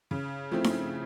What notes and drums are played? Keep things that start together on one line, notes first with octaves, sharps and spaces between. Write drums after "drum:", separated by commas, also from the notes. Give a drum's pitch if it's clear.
C#3
F3 A3 C4 E4
drum: snare D#4